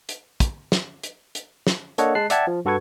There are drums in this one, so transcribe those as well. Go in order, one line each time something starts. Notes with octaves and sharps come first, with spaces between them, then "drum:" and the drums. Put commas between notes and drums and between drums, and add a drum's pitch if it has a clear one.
drum: hi-hat
drum: kick, hi-hat
drum: snare
drum: hi-hat
drum: hi-hat
drum: snare
A#3 D4 A4 C#5 D#5 F#5, drum: hi-hat
G#3 A5 F#6 C7
D5 E5 F#5 G5 A5 G#6, drum: hi-hat
F3
G2 F#4 A4 B4 C#6 G#6